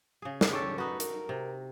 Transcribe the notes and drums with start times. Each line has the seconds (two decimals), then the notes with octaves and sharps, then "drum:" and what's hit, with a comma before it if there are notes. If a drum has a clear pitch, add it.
0.22 C#3 G#4
0.41 A3, drum: snare
0.53 G4 A4 C#5
0.78 D#4 F#4 B4
1.00 A#4, drum: hi-hat
1.29 C3